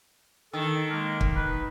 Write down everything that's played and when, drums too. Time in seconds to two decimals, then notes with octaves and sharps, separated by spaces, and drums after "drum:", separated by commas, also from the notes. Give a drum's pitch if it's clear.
0.53 D#3 A4
0.90 G#3 A#3
1.21 drum: kick
1.36 D#4 B4